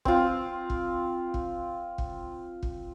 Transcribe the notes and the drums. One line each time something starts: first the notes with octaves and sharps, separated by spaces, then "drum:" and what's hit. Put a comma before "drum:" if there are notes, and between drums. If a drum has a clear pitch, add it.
C4 F4, drum: kick
drum: kick
drum: kick
drum: kick
drum: kick